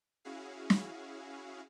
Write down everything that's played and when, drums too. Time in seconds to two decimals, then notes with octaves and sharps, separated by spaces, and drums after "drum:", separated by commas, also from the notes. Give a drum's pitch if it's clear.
0.25 C#4 E4 F#4 G#4 F5
0.70 drum: snare